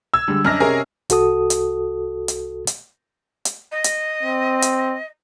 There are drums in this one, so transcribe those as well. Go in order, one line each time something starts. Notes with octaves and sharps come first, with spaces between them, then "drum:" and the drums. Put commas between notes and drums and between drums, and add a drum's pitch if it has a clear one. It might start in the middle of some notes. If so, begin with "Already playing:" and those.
E6 G#6
D3 G3 G#3
F#2 D4 D#5 F6 A#6
C3 C#4 G#4 A#4 D#5
C2 F#4 A4 D#6, drum: hi-hat
drum: hi-hat
drum: hi-hat
drum: hi-hat
drum: hi-hat
D#5
drum: hi-hat
C4
drum: hi-hat